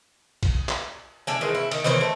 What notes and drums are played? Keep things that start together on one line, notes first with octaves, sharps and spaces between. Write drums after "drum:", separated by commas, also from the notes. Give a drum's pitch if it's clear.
drum: kick, cymbal
drum: clap
A3 D4 G#5
D#3 E3 G#3 C4
E4
D#3, drum: cymbal
D#3 E3 C5 C#5
A3